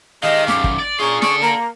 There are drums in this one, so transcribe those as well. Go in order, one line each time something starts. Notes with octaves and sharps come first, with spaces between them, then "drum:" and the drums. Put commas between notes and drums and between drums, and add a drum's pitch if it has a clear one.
D#3 G#3 G4 D#5 F5
F#2 D#3 D6, drum: snare
drum: kick
D5
C#4 D4 F4 G#4 A#4 C#6
A4 D5 C#6, drum: snare
A#3 A#5